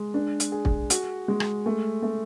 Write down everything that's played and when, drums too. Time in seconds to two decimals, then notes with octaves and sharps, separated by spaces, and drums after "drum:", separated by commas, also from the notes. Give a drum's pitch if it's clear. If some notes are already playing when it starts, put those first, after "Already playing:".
Already playing: G#3
0.14 D4
0.40 drum: hi-hat
0.52 G#4
0.65 drum: kick
0.90 F#4, drum: hi-hat
1.28 G#3
1.40 drum: rim click
1.66 A3
2.02 A3